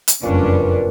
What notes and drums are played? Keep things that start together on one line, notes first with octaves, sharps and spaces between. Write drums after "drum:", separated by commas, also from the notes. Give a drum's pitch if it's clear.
drum: hi-hat
F#1 F2 A#2 G3 C#4 D4 B4